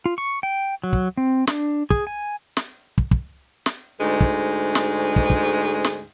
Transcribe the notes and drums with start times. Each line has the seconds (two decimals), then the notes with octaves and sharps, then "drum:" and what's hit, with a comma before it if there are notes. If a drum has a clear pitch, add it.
0.06 F4
0.18 C#6
0.43 G5
0.84 F#3
0.93 drum: kick
1.17 C4
1.47 D4, drum: snare
1.90 G#4, drum: kick
2.07 G#5
2.57 drum: snare
2.98 drum: kick
3.11 drum: kick
3.66 drum: snare
4.01 D2 G#2 G#3
4.21 drum: kick
4.75 drum: snare
5.16 drum: kick
5.30 drum: kick
5.84 drum: snare